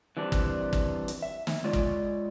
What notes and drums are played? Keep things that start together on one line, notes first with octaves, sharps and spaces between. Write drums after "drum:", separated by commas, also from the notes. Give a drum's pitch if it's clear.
E3 G3 C4 D4
drum: kick
drum: kick
drum: hi-hat
E5
drum: snare
G#3 F4 C#5 D5
drum: kick